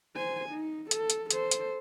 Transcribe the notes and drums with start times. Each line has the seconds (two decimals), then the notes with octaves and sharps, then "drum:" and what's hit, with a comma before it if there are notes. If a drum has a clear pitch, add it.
0.16 C5 G#5
0.50 D#4
0.91 A4, drum: hi-hat
1.10 drum: hi-hat
1.31 A4 C5, drum: hi-hat
1.51 drum: hi-hat